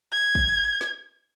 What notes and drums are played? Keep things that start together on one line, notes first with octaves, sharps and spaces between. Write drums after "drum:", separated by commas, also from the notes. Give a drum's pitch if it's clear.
G#6
drum: kick A1
drum: snare